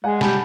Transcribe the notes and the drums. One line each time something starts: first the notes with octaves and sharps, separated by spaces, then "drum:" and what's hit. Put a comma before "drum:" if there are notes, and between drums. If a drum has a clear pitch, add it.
G#3 F#5 G#5
G3 A5 B5, drum: snare